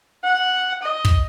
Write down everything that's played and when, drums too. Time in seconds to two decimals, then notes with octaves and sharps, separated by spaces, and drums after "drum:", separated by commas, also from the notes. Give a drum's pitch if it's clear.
0.24 F#5
0.82 D#5
1.05 drum: kick